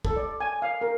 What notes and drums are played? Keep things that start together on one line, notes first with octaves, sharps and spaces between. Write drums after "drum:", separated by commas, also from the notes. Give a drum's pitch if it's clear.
A4, drum: kick
D5
G#5
F5
A#4